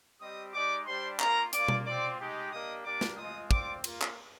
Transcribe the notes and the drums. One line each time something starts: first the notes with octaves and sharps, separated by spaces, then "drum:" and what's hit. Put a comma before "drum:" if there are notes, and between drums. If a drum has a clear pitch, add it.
G3 C4 G4 D#5 D#6
G#3 D#4 G4 D5 D6
G3 D4 G4 C5 C6
A#3 F4 A#4 A#5, drum: clap
A#3 F4 D5 D6, drum: hi-hat
drum: tom B2
C4 F4 D5 D6
G#3 D#4 G4
A#3 D4 G4 D#5 D#6
A#3 D4 G4 D5 D6
drum: snare
G#3 C4 F4 D#5 D#6
C4 F4 D5 D6, drum: kick
A#3 F4, drum: cymbal
drum: clap